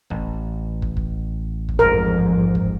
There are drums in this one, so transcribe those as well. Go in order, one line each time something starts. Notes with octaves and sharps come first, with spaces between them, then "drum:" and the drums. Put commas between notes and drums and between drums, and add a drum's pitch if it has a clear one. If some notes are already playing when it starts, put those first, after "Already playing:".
A1, drum: kick
drum: kick
drum: kick
drum: kick
F2 G#2 A#4
drum: kick